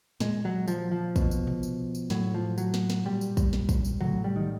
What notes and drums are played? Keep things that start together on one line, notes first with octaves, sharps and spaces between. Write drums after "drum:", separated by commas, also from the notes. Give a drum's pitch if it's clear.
A#2 G#3, drum: snare
F#3
F3, drum: tambourine
F3
B2, drum: kick, tambourine
drum: tambourine
drum: tom B2
drum: tambourine
drum: tambourine
A2 F#3, drum: snare
F3
F#3, drum: tambourine
drum: snare
drum: snare
A#2 G3
drum: tambourine
drum: kick, tambourine
drum: snare
drum: kick, tambourine
drum: tambourine
A2 F#3, drum: tom C3
G3
D#3